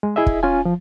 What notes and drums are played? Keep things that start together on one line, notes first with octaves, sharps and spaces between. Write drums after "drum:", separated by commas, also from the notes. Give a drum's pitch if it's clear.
G#3
E4 G#4 D#5 E5
drum: kick
C#4 F4 G#5
F3